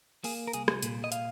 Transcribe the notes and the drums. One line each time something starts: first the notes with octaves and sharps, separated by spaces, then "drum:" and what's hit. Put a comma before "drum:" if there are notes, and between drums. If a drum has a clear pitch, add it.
A#3 G#4, drum: open hi-hat
A#4
C2 G#4, drum: hi-hat
drum: rim click
A#2, drum: hi-hat
D#5
F5, drum: hi-hat